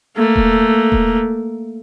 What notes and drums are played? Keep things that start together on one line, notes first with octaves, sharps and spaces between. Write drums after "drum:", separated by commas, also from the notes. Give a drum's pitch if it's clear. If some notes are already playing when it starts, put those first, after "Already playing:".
A3 A#3
drum: kick D#1
drum: kick D#1